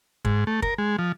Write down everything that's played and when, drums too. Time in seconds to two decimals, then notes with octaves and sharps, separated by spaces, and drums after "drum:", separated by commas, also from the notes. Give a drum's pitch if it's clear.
0.25 G#2, drum: kick
0.47 A3
0.62 A#4, drum: kick
0.78 G#3
0.99 F3